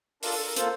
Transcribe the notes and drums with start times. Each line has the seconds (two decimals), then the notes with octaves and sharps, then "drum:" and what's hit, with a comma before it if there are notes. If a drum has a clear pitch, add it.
0.23 D4 F4 A4 A#4, drum: open hi-hat
0.34 A4
0.45 A#4
0.56 A#3 F4 A4 C5, drum: hi-hat